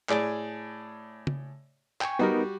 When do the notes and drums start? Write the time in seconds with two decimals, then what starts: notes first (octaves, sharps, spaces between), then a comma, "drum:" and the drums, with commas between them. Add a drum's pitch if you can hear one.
0.09 A2 G#4 D5, drum: clap
1.27 drum: tom C#3
2.01 G5 G#5 C#6, drum: clap
2.19 G3 B3 D#4 F#4 A#4